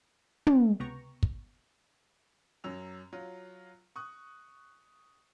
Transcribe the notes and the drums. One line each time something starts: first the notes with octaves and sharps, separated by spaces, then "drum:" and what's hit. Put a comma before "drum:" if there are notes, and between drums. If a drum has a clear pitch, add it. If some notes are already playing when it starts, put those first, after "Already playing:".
drum: tom
C#2 C3 B3 G5 A#5 C#6
drum: kick
F#2 F#3 E6 F7
F#3 F4
C#6 D#6 F#6